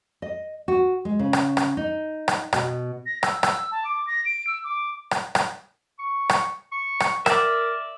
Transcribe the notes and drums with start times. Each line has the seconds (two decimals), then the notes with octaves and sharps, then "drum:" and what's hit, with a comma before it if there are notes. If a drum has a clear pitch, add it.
0.22 D#5
0.68 F#4
1.05 G#3
1.19 C#3
1.33 drum: rim click
1.57 drum: rim click
1.77 D#4
2.28 drum: rim click
2.53 B2, drum: rim click
3.06 A#6
3.23 E6, drum: rim click
3.43 E6, drum: rim click
3.71 A5
3.85 D6
4.07 A#6
4.25 D7
4.47 E6
4.64 D6
5.11 drum: rim click
5.35 drum: rim click
5.99 C#6
6.30 drum: rim click
6.72 C#6
7.00 drum: rim click
7.26 A#4 D5 E5, drum: rim click